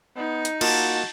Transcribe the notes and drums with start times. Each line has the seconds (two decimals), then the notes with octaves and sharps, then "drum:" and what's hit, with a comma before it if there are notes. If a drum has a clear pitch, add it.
0.16 B3 D#4
0.45 drum: hi-hat
0.61 A#3 F4 F#4 D#5 A5, drum: cymbal